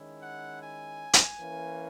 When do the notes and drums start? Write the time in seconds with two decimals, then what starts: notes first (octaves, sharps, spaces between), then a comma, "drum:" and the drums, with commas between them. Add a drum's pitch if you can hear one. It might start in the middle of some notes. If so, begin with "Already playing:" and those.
Already playing: D#3 G#3 C#4 E4
0.21 F#5
0.60 G#5
1.13 drum: hi-hat
1.40 E3 A#3 C#4